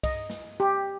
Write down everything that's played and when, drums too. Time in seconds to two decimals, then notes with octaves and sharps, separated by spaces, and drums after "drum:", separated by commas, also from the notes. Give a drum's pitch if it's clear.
0.03 D#5, drum: kick C2, cymbal
0.30 drum: snare
0.60 G4